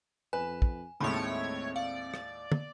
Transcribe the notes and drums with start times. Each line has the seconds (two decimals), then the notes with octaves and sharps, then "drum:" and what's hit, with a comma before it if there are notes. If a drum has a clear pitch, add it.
0.33 F2 B4 G#5
0.62 drum: kick
1.00 D#2 A2 G#3 A3 C4 C#5 B5 C6
1.76 D5 F5
2.14 drum: rim click
2.52 drum: tom